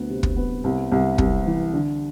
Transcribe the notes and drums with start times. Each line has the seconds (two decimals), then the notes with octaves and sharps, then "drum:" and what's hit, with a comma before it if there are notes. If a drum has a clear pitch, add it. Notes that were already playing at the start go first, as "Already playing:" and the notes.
Already playing: D2 B3
0.09 C3
0.23 drum: kick
0.36 B3
0.64 C2
0.92 C2
1.18 C2, drum: kick
1.46 E3
1.73 D3